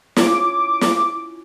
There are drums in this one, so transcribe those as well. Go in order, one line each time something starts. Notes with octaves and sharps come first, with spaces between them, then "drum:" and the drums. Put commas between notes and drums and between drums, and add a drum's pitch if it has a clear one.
C#4 E4 F4 D6, drum: snare
drum: snare